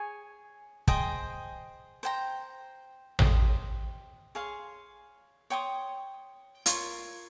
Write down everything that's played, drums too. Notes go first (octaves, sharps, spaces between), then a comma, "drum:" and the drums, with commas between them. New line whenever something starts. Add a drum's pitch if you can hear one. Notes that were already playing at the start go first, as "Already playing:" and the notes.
Already playing: G#4 C#5 G#5
G#4 C5 D#5 G5, drum: kick
C5 G5 A#5
G4 C5 D#5, drum: tom A1
G#4 C#5 F5 C6
C#5 G5 C6 D#6
F4 A#4 C#5, drum: hi-hat